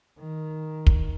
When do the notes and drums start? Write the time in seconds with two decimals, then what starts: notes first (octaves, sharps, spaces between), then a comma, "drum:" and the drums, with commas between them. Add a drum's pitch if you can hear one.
0.20 D#3
0.87 drum: kick